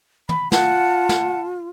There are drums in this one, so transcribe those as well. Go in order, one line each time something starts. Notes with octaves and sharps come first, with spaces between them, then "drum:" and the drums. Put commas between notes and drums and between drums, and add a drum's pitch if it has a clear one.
B5, drum: tom
F4 F#5 A5, drum: snare
drum: snare